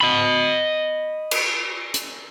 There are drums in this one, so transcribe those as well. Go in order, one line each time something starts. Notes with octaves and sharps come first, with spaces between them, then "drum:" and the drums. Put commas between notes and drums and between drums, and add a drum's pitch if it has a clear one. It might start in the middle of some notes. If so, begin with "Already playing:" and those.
D#5 B5
drum: cymbal
drum: hi-hat